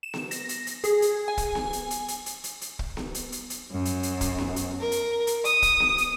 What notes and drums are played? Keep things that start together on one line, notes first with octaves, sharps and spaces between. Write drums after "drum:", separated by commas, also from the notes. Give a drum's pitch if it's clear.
E7
drum: snare B3
A#6, drum: hi-hat
drum: hi-hat
drum: hi-hat
G#4, drum: hi-hat
drum: hi-hat
G#5
drum: kick, hi-hat
drum: snare B3
drum: hi-hat
drum: hi-hat
drum: hi-hat
drum: hi-hat
drum: hi-hat
drum: hi-hat
drum: kick
drum: snare B3
drum: hi-hat
drum: hi-hat
drum: hi-hat
F#2
drum: hi-hat
drum: hi-hat
drum: kick, hi-hat
drum: snare B3
drum: hi-hat
A#4
drum: hi-hat
drum: hi-hat
D#6, drum: hi-hat
drum: kick, hi-hat
drum: snare B3
drum: hi-hat